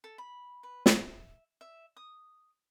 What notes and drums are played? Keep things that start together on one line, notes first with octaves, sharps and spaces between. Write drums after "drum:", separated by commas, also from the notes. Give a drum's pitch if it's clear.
A4
B5
B4
E5, drum: snare
E5
D#6